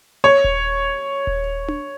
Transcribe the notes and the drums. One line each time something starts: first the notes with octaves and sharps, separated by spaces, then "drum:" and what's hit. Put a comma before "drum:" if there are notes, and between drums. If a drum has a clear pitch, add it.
C#5
drum: kick D#1
drum: kick D#1
drum: tom D4